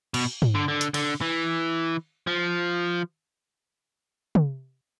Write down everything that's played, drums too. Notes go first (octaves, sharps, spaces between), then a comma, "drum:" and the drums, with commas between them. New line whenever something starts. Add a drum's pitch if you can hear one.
B2, drum: cymbal
drum: tom
D3
D3
drum: hi-hat
D3, drum: cymbal
E3
F3
drum: tom